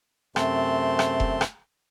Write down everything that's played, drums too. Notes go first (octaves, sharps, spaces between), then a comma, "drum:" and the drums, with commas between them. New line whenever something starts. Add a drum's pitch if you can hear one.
F#2 C3 A3 C4 A5 C6, drum: rim click
drum: rim click
drum: kick F1
drum: rim click